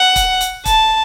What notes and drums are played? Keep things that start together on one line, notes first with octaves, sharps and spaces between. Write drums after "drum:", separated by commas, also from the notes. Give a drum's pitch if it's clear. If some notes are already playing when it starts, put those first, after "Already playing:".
Already playing: F#5
drum: kick, hi-hat
drum: hi-hat
A5, drum: kick, hi-hat